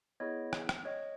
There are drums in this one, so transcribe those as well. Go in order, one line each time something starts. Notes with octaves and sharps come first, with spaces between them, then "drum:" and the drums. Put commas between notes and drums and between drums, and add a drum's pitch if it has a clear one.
B3 E4 G#4 C#5 D#5
drum: rim click
drum: rim click
C#5 D#5